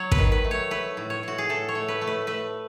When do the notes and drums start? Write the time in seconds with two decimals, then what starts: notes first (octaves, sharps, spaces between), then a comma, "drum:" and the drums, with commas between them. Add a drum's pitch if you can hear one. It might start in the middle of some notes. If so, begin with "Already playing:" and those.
Already playing: F#3 C#5
0.11 B4, drum: kick
0.18 D#3
0.32 B4
0.44 A3
0.51 C#5
0.71 A3 B4
0.97 A2
1.10 C#5
1.23 A2 F#4
1.38 G#4
1.49 A2 A4
1.68 C#5
1.75 A3
1.88 B4
2.01 A3
2.07 B4
2.27 A3 B4